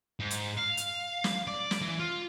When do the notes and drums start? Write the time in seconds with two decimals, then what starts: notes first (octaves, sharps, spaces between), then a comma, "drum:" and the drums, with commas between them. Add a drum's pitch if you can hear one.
0.20 G#2
0.31 drum: hi-hat
0.58 F5
0.77 drum: hi-hat
1.24 drum: snare
1.47 D5
1.71 drum: snare
1.81 E3
2.00 F4